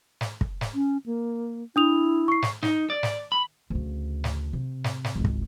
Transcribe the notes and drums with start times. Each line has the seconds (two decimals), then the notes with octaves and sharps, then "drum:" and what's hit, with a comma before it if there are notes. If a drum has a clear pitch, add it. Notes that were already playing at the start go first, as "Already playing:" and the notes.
0.21 drum: snare
0.41 drum: kick
0.61 drum: snare
0.74 C#4
1.06 A#3
1.76 D4 E4 D#6 F7
2.28 C#6 C7
2.42 drum: snare
2.63 D#4, drum: snare
2.90 D5
3.03 drum: snare
3.32 B5
3.70 D2 C#3
4.24 drum: snare
4.53 C3
4.84 drum: snare
5.04 drum: snare
5.15 G#1 C#2
5.25 drum: kick